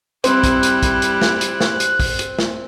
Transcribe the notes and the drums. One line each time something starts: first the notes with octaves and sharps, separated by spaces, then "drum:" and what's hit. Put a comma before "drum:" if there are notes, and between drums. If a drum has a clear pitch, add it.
G3 C4 E4 F#6, drum: hi-hat
drum: kick, hi-hat
drum: hi-hat
drum: kick, hi-hat
drum: hi-hat
drum: snare
drum: hi-hat
drum: snare
drum: hi-hat
drum: kick, open hi-hat
drum: hi-hat
drum: snare